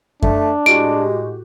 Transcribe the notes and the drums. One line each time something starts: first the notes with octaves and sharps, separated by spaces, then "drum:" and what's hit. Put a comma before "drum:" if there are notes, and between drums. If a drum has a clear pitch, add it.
A3 D4, drum: kick F#2
A2 G#3 F#4 G4 D7